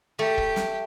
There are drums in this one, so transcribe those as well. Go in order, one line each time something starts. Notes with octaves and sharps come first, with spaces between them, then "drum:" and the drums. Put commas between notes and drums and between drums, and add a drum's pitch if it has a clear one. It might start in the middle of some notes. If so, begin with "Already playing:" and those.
A3 G4
drum: kick
drum: snare